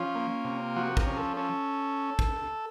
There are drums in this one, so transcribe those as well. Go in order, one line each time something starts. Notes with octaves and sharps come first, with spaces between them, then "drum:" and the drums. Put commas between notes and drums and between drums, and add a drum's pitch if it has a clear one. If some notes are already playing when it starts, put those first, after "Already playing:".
Already playing: F3 C#4 F4
A#3
C3
F3 F#4
A#4, drum: kick
C#4
A4
C#4 A4
drum: kick